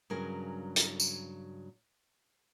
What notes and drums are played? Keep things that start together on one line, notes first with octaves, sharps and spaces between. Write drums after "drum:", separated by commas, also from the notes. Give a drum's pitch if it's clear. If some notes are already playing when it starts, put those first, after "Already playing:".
G2 C#3 F#3 G#4 A#4
drum: hi-hat
drum: tambourine